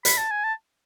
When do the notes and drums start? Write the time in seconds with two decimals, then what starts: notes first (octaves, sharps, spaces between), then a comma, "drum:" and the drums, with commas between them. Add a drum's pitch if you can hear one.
0.05 B5, drum: hi-hat
0.18 A5
0.31 G#5
0.44 A5